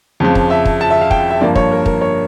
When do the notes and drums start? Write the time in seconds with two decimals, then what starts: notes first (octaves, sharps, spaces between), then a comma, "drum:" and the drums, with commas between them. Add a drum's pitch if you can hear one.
0.20 F2 C#3 F3
0.35 drum: kick
0.50 E5
0.65 drum: kick
0.81 A5
0.91 E5
1.01 F5
1.11 G5, drum: kick
1.30 E5
1.41 G2 F3 A#3 D5
1.56 C#5, drum: kick
1.72 A#4
1.86 A#4, drum: kick
2.01 C#5